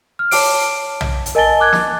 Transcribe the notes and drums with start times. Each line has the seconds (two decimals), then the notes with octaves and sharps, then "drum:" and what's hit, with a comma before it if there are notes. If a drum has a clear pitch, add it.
0.19 F6
0.31 C#5 A5 D6 D7, drum: open hi-hat
1.01 drum: tom B1
1.26 drum: hi-hat
1.35 A#4 D#5 G#5 A5 A6 G7
1.60 D6 F#6 G#6
1.73 drum: snare